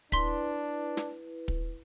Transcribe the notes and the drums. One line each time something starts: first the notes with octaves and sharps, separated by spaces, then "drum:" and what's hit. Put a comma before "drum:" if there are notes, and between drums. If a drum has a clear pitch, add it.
D4 E4 B4 C6 B6, drum: kick
drum: snare
drum: kick